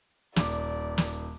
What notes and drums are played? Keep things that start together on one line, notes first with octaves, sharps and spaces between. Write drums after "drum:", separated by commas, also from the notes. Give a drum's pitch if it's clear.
D#1 D5 D6, drum: snare
drum: snare